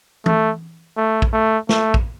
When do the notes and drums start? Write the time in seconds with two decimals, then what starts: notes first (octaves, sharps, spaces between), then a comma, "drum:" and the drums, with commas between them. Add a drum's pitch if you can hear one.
0.26 A3, drum: tom E3
0.97 A3
1.22 drum: kick
1.33 A3
1.69 A3, drum: snare
1.94 drum: kick